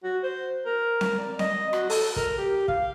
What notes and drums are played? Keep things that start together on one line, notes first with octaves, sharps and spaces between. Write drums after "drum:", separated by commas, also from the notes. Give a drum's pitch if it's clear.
F#4
C5
A#4
drum: snare C4
D5
D#5, drum: snare C4
F#4, drum: rim click
A4, drum: open hi-hat
A#4, drum: kick
G4
F5, drum: kick